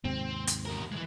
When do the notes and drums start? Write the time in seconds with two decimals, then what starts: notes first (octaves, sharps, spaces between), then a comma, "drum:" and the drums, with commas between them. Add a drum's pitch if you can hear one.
0.05 D#2 G#2 C3 C4
0.47 drum: hi-hat
0.65 E2 A#4
0.92 E3 G#3